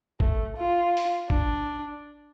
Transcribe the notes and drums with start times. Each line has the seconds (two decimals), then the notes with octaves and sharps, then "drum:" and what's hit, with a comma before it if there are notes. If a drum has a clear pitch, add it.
0.20 A3, drum: kick
0.57 F4
0.97 drum: open hi-hat
1.30 D4, drum: kick